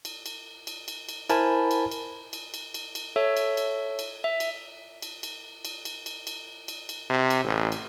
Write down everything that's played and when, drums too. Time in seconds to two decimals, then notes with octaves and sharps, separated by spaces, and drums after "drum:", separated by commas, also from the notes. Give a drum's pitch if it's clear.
0.05 drum: cymbal
0.26 drum: cymbal
0.67 drum: cymbal
0.88 drum: cymbal
1.09 drum: cymbal
1.29 E4 A#4 C5 G#5 A5 B5, drum: cymbal
1.71 drum: cymbal
1.91 drum: cymbal
2.33 drum: cymbal
2.54 drum: cymbal
2.74 drum: cymbal
2.95 drum: cymbal
3.16 A4 C#5 E5
3.37 drum: cymbal
3.57 drum: cymbal
3.99 drum: cymbal
4.24 E5
4.40 drum: cymbal
5.02 drum: cymbal
5.23 drum: cymbal
5.65 drum: cymbal
5.85 drum: cymbal
6.06 drum: cymbal
6.27 drum: cymbal
6.68 drum: cymbal
6.89 drum: cymbal
7.10 C3
7.30 drum: cymbal
7.44 A1
7.72 drum: cymbal